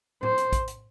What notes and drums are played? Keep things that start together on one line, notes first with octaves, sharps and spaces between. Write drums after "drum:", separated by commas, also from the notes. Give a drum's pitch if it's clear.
C5, drum: tom A2
drum: hi-hat
drum: kick, hi-hat
drum: hi-hat